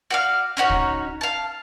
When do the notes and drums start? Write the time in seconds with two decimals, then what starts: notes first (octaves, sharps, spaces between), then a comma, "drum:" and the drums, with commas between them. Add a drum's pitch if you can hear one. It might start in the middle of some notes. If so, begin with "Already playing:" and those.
0.10 F#4 D5 F5
0.57 C#4 D#4 F#4 C#5
0.70 drum: kick
1.21 F5 A5